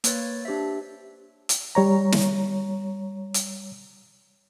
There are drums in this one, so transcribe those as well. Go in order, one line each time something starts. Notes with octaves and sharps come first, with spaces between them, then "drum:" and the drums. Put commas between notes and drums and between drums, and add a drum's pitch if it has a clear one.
A#3 B4 C#5 A6, drum: hi-hat
D4 G4 C5 E5
drum: hi-hat
G3 C#5 A#5
drum: snare
drum: hi-hat